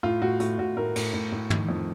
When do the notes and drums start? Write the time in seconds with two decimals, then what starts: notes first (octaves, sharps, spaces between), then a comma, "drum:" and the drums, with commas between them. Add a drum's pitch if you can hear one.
0.03 A2 F4
0.22 A2 F#4
0.40 A2 F#4, drum: hi-hat
0.58 A2 F#4
0.76 A2 A#4
0.96 A2, drum: cymbal
1.13 A2
1.32 A2
1.50 D#3, drum: tom
1.69 F2